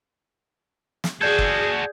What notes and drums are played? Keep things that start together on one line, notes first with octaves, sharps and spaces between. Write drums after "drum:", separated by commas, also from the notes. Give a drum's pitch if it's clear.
drum: snare
F#4 G#4 A4 D5 G6 G#6
drum: kick